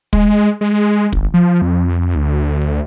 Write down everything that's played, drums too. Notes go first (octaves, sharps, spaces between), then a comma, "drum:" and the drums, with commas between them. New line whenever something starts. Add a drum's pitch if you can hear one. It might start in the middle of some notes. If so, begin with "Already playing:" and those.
G#3, drum: kick
G#3
G#1, drum: kick
F3
F2
D2